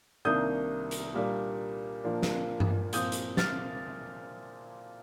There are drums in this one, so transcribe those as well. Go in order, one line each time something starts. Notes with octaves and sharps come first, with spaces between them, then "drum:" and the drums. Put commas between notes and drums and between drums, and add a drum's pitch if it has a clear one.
C2 C3 D#3 A#3 D4 D#6 G6
drum: hi-hat
A#2 G3 A#3 D4
A#2 F3 A#3 D4
drum: snare
drum: tom G2
A#2 F3 C4 D#6 G6, drum: hi-hat
drum: hi-hat
F6 A6, drum: snare